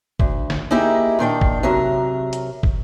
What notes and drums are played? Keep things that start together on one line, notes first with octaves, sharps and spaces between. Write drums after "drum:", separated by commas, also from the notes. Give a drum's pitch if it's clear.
D2, drum: kick
drum: snare
A#3 D#4 E4 G4 G#4
A#2 D#3 D4 G5
drum: kick
C3 F#3 A#4
drum: hi-hat
drum: kick